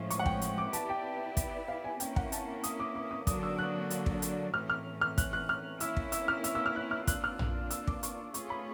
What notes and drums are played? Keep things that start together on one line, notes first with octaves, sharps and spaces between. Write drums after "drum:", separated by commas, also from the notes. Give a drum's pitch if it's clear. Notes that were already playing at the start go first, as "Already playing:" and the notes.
Already playing: A2 F3 G#3 C#4
C#6, drum: hi-hat
F#5
G5, drum: kick
drum: hi-hat
D6
B3 E4 G4 B4 D5 A5, drum: hi-hat
G5
drum: kick, hi-hat
F5
G#5
A#3 C#4 E4 G5, drum: hi-hat
F#5, drum: kick
A5, drum: hi-hat
D#6, drum: hi-hat
D6
D6
D#6
D3 F#3 A#3 D4 F#4 D#6, drum: kick, hi-hat
E6
F#6
drum: hi-hat
drum: kick
drum: hi-hat
A2 E3 A3 C#4 F6
F6
F6
F#6, drum: kick, hi-hat
F#6
F6
A#3 C#4 E4 E6, drum: hi-hat
drum: kick
E6, drum: hi-hat
F6
E6, drum: hi-hat
E6
F6
F#6
F6
A#3 D4 F4 F#6, drum: kick, hi-hat
F6
drum: tom A#1
E6, drum: hi-hat
D6, drum: kick
C#6, drum: hi-hat
A3 C#4 F4 G#4 C#5 C#6, drum: hi-hat
B5